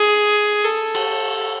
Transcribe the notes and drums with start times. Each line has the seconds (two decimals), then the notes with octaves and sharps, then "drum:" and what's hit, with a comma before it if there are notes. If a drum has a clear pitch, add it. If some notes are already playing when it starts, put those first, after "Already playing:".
Already playing: G#4
0.64 A4
0.95 drum: cymbal